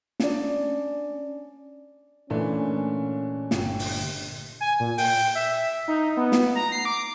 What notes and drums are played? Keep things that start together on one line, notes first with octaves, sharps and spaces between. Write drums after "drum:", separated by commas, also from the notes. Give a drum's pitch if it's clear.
C#4 D4 D5, drum: snare
A#2 E3 A3 C#4 D4
G1, drum: snare
drum: open hi-hat
G#5
A#2
G5, drum: open hi-hat
E5
D#4
B3
drum: snare
A#5
C7
D6